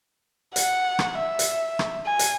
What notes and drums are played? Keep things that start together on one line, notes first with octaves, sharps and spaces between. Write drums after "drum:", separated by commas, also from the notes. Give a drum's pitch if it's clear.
F#5, drum: hi-hat
drum: rim click
E5
drum: hi-hat
drum: rim click
G#5
drum: hi-hat